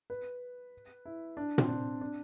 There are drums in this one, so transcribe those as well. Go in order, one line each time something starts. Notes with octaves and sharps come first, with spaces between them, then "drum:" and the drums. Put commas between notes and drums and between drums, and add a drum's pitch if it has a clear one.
B4
E4
D4
C4, drum: tom A#2
D4
D4